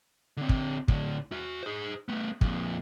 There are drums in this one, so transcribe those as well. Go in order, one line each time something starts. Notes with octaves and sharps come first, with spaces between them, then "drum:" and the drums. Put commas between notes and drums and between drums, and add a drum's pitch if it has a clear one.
D3 C4
drum: kick
A2 D3, drum: kick
F#4 E5
G#4 C5
A3 B3
F2 A#2, drum: kick